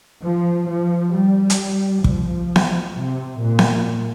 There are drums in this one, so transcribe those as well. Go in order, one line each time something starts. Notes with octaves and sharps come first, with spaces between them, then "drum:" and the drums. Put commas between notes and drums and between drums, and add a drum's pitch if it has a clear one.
F3
F3
G3
drum: hi-hat
F3, drum: kick
drum: snare B3
C3
A#2
drum: snare B3